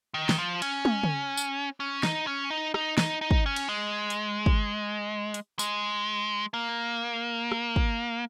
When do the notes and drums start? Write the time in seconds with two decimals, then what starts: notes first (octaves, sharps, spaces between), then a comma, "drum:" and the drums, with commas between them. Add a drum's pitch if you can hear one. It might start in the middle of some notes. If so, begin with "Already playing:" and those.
0.14 D#3
0.29 drum: snare
0.38 F3
0.62 C#4, drum: cymbal
0.85 drum: tom
1.03 drum: tom C#3
1.37 drum: tambourine
1.80 C#4
2.03 D#4, drum: snare
2.27 C#4
2.50 D#4
2.74 D#4, drum: rim click
2.98 D#4, drum: snare
3.21 D#4
3.31 drum: kick
3.46 C#4
3.56 drum: cymbal
3.69 G#3
4.10 drum: hi-hat
4.46 drum: kick
5.34 drum: hi-hat
5.59 G#3, drum: tambourine
6.54 A#3
7.52 drum: rim click
7.76 drum: kick